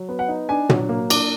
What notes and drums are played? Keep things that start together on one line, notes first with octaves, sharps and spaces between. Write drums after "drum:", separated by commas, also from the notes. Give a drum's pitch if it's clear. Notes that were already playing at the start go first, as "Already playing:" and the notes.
Already playing: F#3
B3
F#5
D#4
D4 G#5
F#3, drum: tom
A#3
D4 D6, drum: cymbal